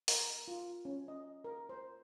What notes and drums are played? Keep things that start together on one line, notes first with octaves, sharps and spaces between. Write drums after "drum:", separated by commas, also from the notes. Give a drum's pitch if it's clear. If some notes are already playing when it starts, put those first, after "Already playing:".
A#4, drum: open hi-hat
F4
C#4
D#5
A#4
C5